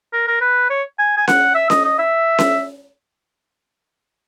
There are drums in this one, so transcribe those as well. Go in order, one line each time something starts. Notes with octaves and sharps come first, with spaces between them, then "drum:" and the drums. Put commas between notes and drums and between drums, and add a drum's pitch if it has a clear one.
A#4
A#4
B4
C#5
G#5
G#5
F#5, drum: snare C#4
E5
D#5, drum: snare C#4
D#5
E5
drum: snare C#4